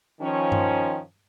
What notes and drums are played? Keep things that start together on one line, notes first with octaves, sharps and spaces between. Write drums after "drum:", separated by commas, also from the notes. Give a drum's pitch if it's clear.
D#3 F3 C#4
drum: tom G2